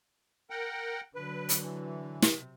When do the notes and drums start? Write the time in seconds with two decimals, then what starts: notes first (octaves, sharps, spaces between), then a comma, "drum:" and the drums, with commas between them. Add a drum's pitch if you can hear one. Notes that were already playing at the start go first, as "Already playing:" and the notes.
0.50 A#4 F#5 G5
1.15 D3 F#3 B4
1.49 drum: hi-hat
1.63 E3
2.22 C3, drum: snare